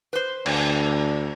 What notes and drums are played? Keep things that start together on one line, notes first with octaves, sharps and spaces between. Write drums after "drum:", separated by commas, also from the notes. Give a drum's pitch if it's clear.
B4 C5
D2 D4, drum: cymbal